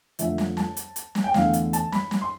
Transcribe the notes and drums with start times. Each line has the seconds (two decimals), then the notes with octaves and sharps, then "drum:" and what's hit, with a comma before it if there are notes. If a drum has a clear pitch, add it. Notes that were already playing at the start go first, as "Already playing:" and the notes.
0.19 F2 D3 F3 A3 E5, drum: hi-hat
0.38 drum: snare
0.57 A5, drum: snare
0.77 drum: hi-hat
0.96 drum: hi-hat
1.15 drum: snare
1.24 G5
1.34 E2 D3 A3 F5, drum: snare
1.53 drum: hi-hat
1.73 A5, drum: hi-hat
1.92 B5, drum: snare
2.11 drum: snare
2.21 C6